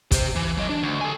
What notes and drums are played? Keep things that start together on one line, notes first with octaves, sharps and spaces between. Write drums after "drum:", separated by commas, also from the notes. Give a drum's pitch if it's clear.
G4 C5, drum: kick, hi-hat
E3
F#3 D#5
D4
D2
A4 G#5